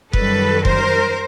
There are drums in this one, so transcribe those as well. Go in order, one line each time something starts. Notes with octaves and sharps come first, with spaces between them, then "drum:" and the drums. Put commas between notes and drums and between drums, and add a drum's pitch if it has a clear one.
F#2 D#3 G3 A4 B4, drum: kick F1
A#4 C5, drum: kick F1